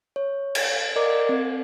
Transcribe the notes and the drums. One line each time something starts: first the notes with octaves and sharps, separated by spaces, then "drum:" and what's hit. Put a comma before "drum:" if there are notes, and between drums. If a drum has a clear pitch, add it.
C#5
drum: cymbal
A#4 D5 D#5 D6
C4